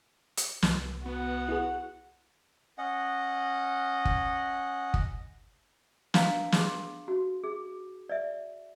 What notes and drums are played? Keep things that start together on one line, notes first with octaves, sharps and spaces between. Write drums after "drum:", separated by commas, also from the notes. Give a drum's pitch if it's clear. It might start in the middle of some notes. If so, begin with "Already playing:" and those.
drum: hi-hat
C2, drum: snare
B3 F#4 F#5
E4 G#4
C#4 D#5 F#5
drum: kick
drum: kick
D4 F5 G#5 A#5, drum: snare
G#4 C6, drum: snare
F#4
G#4
D5 E5